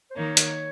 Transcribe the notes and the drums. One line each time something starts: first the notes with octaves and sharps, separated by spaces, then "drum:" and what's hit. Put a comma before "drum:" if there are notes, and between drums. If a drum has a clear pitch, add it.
C5
D#3 A#3 D#4 C#5
drum: hi-hat